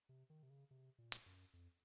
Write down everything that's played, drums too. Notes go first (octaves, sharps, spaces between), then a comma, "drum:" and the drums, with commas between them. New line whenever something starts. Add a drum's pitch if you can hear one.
C3
D#3
C3
C#3
C3
A#2
drum: hi-hat
F#2
F2